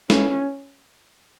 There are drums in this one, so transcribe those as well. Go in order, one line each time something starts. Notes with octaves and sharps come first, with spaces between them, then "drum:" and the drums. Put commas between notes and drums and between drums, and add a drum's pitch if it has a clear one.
C#4, drum: snare